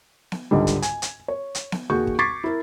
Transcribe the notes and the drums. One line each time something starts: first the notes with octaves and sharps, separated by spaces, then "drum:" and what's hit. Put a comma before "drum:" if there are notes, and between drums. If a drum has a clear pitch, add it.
drum: snare B3
C#2 G#2 D3 G3
drum: kick, hi-hat
G#5, drum: hi-hat
drum: hi-hat
C#5
drum: hi-hat
drum: snare B3
D#2 F#4 G#4 C#6 G6
drum: kick
C#6 D6 G#6 A6 B6 C7
E4 A#4